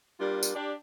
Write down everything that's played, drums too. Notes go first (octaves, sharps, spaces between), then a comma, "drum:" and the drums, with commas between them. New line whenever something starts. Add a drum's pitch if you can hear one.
G3 A#3 D4 F4
drum: tambourine
D4 G4